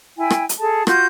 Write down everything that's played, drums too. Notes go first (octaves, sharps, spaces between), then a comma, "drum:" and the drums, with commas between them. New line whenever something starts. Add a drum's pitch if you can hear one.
E4 G5 G#5
drum: rim click
drum: hi-hat
G#4 A4 A5
F4 F#4 G6, drum: rim click